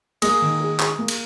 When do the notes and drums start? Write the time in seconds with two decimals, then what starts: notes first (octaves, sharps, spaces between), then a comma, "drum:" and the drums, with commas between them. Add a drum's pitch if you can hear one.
0.22 G#3 A#3, drum: cymbal
0.42 D#3
0.61 G#4
0.80 G#4, drum: clap
0.99 A#3
1.08 drum: cymbal